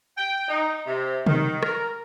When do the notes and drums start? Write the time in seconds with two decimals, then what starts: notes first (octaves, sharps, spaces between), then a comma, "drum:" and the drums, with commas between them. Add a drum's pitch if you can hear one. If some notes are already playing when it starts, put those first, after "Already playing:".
0.17 G5
0.49 D#4
0.87 C3
1.26 D#3, drum: tom C3
1.63 A#4, drum: rim click